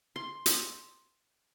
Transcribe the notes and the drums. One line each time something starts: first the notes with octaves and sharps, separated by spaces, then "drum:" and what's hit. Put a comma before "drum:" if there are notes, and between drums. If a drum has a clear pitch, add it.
C6
drum: hi-hat